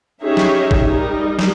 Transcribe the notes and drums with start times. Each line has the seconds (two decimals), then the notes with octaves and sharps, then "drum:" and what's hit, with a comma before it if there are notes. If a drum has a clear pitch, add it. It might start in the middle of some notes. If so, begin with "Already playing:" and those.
0.22 C#4 D#4 G4 G#4 C#5 E5
0.37 drum: snare
0.71 drum: kick
0.88 G3 D#4 A#4
1.39 drum: snare